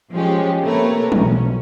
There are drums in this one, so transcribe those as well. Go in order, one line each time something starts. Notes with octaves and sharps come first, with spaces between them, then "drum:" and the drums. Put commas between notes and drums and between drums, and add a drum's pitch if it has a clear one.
F3 G#3 C#4 G4
C3 A3 A#3 A#4 B4 C#5
B1 C#4, drum: tom E3